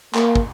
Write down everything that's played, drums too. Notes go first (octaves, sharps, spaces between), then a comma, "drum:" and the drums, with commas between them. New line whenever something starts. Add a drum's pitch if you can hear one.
A#3, drum: clap
drum: kick